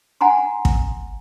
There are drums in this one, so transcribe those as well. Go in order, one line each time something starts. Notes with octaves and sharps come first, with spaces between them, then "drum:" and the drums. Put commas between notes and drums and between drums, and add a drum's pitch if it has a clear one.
F#5 G#5 A#5 C6
drum: kick